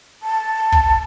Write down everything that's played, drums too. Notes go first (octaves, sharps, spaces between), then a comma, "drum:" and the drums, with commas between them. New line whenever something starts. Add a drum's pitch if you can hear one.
A5
drum: kick